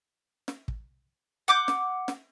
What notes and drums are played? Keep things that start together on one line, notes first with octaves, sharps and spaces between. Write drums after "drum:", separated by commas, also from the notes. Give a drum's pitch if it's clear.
drum: snare
drum: kick
F#5 D6 G6
drum: snare
drum: snare